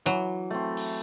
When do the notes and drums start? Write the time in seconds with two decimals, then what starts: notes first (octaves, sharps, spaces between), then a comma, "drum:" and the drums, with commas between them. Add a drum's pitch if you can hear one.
0.05 E3 F#3
0.51 A3 C4
0.77 drum: open hi-hat